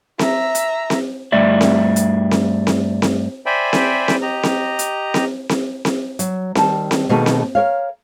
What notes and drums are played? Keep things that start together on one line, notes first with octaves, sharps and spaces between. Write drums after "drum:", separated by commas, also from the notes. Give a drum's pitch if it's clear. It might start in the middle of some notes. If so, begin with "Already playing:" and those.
E5 A#5, drum: snare C4
drum: hi-hat
drum: snare C4
G2 A3 D5 E5
drum: snare C4
drum: hi-hat
drum: snare C4
drum: snare C4
drum: snare C4
C5 D5 E5 G5 G#5 B5
drum: snare C4
drum: snare C4
G4 D#5 A#5
drum: snare C4
drum: hi-hat
drum: snare C4
drum: snare C4
drum: snare C4
F#3, drum: hi-hat
D#3 G3 C4 A5, drum: snare C4
drum: snare C4
B2 D#3 A3 A#3 G#4 A4
drum: snare C4
A#4 C#5 F5